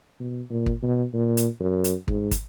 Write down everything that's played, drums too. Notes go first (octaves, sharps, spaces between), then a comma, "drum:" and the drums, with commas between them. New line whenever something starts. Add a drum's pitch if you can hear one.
B2
A#2
drum: kick
B2
A#2
drum: hi-hat
F#2
drum: hi-hat
G#2, drum: kick
drum: kick, hi-hat